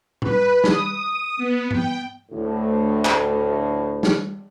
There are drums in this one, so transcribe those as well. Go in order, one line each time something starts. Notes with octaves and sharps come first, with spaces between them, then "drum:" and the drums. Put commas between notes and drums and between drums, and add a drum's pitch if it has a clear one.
B4, drum: tom A2
D#6, drum: snare
B3
G5, drum: tom G#2
D2 A2
drum: clap
drum: snare